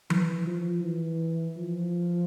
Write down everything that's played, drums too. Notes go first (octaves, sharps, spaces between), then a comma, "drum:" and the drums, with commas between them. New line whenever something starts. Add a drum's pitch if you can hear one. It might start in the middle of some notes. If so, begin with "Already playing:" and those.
E3, drum: tom F3
F3
E3
F3